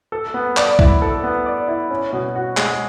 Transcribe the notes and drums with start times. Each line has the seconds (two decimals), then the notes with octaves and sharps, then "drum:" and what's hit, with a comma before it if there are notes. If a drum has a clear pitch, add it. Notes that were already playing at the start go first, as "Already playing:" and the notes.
0.12 A4
0.34 B3
0.57 D5, drum: clap
0.79 E4, drum: kick
1.02 A4
1.24 B3
1.46 D5
1.68 E4
1.90 C#4
2.13 B2
2.35 F#4
2.57 G#3, drum: clap